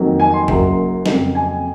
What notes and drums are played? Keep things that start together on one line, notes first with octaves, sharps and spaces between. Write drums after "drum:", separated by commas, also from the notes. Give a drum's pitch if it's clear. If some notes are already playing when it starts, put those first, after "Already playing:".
Already playing: F2 D#3 F#3 A#3
G#5
C6
F#1 F#2 C#3 F#3 A#3 C6, drum: kick
F2 C#3 F#3 A#3, drum: snare
G#5